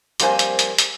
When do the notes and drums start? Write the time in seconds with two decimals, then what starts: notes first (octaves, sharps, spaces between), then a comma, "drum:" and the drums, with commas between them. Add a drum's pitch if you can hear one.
0.20 F2 G3 A#3 F4 C5 G#5, drum: hi-hat
0.39 drum: hi-hat
0.59 drum: hi-hat
0.78 drum: hi-hat